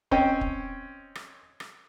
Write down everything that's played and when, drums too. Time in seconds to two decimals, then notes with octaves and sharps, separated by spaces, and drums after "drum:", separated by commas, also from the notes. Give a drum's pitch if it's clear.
0.11 C4 C#4 C5 C#5 D#5 G5, drum: kick
0.41 drum: kick
1.15 drum: rim click
1.60 drum: rim click